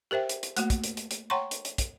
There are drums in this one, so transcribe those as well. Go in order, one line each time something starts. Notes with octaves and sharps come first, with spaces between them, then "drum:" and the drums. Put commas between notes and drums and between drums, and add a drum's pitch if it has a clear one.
G4 A#4 C5 E5 G5
drum: hi-hat
drum: hi-hat
A3 A#3 F#4, drum: hi-hat
drum: kick, hi-hat
drum: hi-hat
drum: hi-hat
drum: hi-hat
C#5 F#5 G5 A#5 C6 C#6
drum: hi-hat
drum: hi-hat
drum: kick, hi-hat